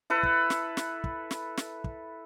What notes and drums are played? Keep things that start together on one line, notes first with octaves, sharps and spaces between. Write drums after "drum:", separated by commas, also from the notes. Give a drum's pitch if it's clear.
E4 A4 B4
drum: kick
drum: snare
drum: snare
drum: kick
drum: snare
drum: snare
drum: kick